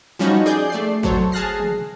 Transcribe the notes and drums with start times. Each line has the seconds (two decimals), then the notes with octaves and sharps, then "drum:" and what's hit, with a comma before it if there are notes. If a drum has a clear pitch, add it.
0.19 F3 G3 C#4 D#4 F#4
0.46 G#4 D5 G#5 G6
0.70 A3 D5 C7
1.03 F#3 A4 C5 C#5, drum: kick G1
1.32 G#4 A5 F6 F#6 A#6 C7
1.60 drum: tom